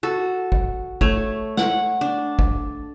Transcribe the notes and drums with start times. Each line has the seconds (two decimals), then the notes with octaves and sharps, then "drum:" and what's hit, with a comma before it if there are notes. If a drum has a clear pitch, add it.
0.03 F#4 A4
0.52 drum: kick
1.01 A3 C#5, drum: kick
1.57 F#5, drum: snare
2.01 D4
2.39 drum: kick